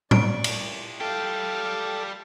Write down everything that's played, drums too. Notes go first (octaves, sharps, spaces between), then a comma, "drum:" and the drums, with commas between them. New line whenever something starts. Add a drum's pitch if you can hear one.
D5 C#6 D7, drum: tom A2
drum: cymbal
G3 A4 F5 G5